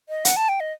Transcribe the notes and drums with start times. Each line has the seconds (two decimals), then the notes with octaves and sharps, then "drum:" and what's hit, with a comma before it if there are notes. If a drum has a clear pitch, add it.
0.09 D#5
0.25 F#5, drum: hi-hat
0.36 A5
0.49 G5
0.60 D#5